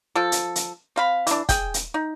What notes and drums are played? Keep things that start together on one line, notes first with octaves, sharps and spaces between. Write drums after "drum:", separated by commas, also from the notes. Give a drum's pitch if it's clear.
F3 A4
drum: hi-hat
drum: hi-hat
C4 F5 B5
E3 D4, drum: hi-hat
G#4 G5, drum: kick, hi-hat
drum: hi-hat
D#4